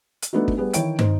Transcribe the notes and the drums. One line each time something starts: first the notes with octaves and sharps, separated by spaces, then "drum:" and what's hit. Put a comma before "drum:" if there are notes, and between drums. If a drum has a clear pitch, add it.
drum: hi-hat
A3 B3 D4 D#4 F#4
drum: kick
G3 B3 G#4
D#3 E3 E4 C#5 G5 D7, drum: hi-hat
D#4 C5, drum: tom